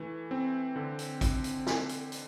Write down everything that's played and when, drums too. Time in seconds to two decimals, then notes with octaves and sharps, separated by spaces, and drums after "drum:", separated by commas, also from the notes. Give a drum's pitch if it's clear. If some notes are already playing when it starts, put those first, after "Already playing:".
Already playing: E3 A3
0.31 C4
0.76 D3
0.99 drum: hi-hat
1.21 drum: kick, hi-hat
1.44 drum: hi-hat
1.67 drum: snare
1.89 drum: hi-hat
2.12 drum: hi-hat